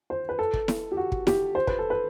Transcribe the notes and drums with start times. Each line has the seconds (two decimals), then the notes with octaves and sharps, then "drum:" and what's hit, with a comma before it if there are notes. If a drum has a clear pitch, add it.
0.10 C5
0.29 B4
0.39 A4
0.53 drum: kick
0.68 drum: snare E4
0.92 G4
0.97 F#4
1.12 drum: kick
1.27 G4, drum: snare E4
1.55 C5
1.67 B4, drum: kick
1.79 A4
1.90 B4